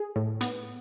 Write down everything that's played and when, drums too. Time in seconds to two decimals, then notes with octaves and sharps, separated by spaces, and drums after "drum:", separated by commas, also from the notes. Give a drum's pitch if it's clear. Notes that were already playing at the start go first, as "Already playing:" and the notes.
Already playing: G#4
0.16 A2
0.41 B3, drum: hi-hat